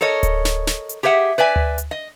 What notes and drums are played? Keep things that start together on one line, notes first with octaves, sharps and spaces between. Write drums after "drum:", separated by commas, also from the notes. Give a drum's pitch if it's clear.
A4 A#4 C#5 D#5
drum: kick D1, hi-hat
drum: snare
drum: snare
drum: hi-hat
G4 G#4 B4 E5 F#5
B4 D5 E5 G#5
drum: tom D2
drum: hi-hat
D#5